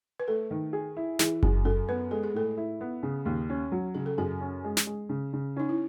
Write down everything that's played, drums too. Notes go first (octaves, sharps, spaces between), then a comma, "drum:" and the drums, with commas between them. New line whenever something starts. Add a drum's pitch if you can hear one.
B4
A3 A4
D#3
G#4
E4
E3 G#4, drum: snare
F#2 G#4, drum: kick F#1
F#2 A4
B3 B4
G#3 A4
G#4
A2 A4
E4
B3
C#3
D#2
C#4
F#3
C#3 G#4
A4
F#2 G#4
C#4
G#3
drum: snare
G#3
C#3
C#3
C#4 D#4
E4